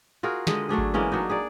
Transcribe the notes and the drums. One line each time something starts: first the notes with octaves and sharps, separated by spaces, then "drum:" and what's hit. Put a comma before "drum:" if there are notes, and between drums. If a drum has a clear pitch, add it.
F4 F#4 G#4 A#4
D3 G#3 D#5, drum: snare
F#3 A3 D4 G#4
drum: kick G#1
E3 G#3 A#3 C#4
F#3 D4 D#4
G#4 D5